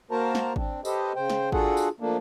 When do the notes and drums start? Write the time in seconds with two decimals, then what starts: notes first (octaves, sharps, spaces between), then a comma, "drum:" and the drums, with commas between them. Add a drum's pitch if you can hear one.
0.11 A#3 F#4 A#4 C5 A5 A#5
0.35 drum: snare
0.56 C4 D4, drum: kick G#1
0.85 G4 A4 B4 C5 D#5, drum: tambourine
1.16 C#3 C5 G5
1.30 drum: snare
1.52 D4 F4 F#4 G#4 A4 F#5, drum: kick G#1
1.77 drum: tambourine
2.00 F3 A3 A#3 D4